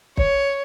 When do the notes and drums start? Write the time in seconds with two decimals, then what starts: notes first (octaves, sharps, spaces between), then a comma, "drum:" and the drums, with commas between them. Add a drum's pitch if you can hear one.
0.17 C#5, drum: kick